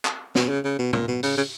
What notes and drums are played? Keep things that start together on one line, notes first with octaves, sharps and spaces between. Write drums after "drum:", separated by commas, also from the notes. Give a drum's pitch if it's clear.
drum: clap
B2, drum: snare
C#3
C#3
B2
A#2, drum: tom
B2
C#3, drum: open hi-hat
C#3